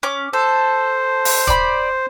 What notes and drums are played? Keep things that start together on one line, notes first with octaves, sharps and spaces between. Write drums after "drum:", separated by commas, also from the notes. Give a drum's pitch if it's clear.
C#4 D6
A4 C5
drum: open hi-hat
D5 B5, drum: kick